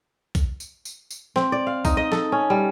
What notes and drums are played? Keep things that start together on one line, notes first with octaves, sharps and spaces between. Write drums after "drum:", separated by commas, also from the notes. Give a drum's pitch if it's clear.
drum: kick B1, tambourine
drum: tambourine
drum: tambourine
drum: tambourine
C4, drum: snare
D5
F5
D#4, drum: kick B1, tambourine
D#5
A4, drum: snare
C#4
G3